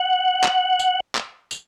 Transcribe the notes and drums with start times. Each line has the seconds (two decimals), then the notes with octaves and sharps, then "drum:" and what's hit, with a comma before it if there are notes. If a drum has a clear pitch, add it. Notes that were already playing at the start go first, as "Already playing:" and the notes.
Already playing: F#5
0.44 drum: clap
0.79 drum: tambourine
1.15 drum: clap
1.51 drum: tambourine